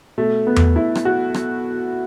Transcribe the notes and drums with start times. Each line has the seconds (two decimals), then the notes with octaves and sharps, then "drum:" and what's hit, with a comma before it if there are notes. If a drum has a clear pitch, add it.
0.18 B2 A3
0.47 B3
0.56 drum: tom E2
0.76 E4
0.95 drum: rim click
1.05 F#4
1.34 drum: rim click